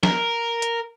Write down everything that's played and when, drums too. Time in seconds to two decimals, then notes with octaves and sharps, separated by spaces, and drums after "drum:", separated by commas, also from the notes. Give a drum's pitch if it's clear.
0.03 A#4, drum: snare
0.62 drum: hi-hat